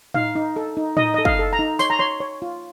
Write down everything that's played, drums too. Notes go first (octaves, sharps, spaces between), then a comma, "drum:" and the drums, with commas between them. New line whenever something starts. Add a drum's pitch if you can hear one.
D#4 F5, drum: tom A2
D#4
A4
D#4
D#4 D#5, drum: tom A2
A4 D#5
F5, drum: kick
A4
A#5
D#4
C#5 C6, drum: tambourine
A#5
C#5 C6
C#5
F4